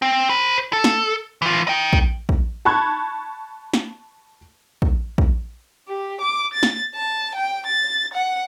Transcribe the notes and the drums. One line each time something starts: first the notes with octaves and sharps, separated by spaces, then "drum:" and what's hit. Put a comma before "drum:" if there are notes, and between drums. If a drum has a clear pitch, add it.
C4
C5 B5
A4
drum: snare
E3 F4
D#5 G5
drum: kick
drum: kick
A5 B5 C#6 F#6 G#6
drum: snare
drum: kick
drum: kick
G4
D6
A6
drum: snare
A5
G5
A6
F#5